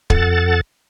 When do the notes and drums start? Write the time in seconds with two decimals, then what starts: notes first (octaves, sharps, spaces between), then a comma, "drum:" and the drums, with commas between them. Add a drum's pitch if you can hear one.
0.10 F2 A4 F#5 A6, drum: kick